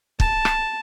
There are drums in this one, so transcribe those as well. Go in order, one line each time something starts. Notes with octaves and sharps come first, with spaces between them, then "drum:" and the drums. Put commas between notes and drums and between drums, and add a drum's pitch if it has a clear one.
A5, drum: kick
drum: rim click